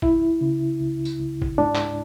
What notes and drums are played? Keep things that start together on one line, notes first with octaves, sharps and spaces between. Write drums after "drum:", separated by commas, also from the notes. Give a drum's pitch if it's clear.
C#2 E4, drum: kick
C#3
C#2
drum: tambourine
C#2
drum: kick
G#2 D4
drum: clap